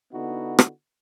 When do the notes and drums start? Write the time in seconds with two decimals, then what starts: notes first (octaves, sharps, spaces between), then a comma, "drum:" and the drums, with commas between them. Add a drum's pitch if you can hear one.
0.11 D3 B3 D#4 E4 F#4
0.59 drum: rim click